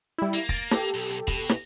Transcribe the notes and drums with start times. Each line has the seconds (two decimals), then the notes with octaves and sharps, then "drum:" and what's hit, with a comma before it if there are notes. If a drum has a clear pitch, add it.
0.18 G3 E4
0.34 A#3, drum: hi-hat
0.49 A6 A#6 D7, drum: kick
0.71 G4 A4, drum: snare
0.94 B1
1.10 drum: hi-hat
1.28 B2, drum: kick, hi-hat
1.49 drum: snare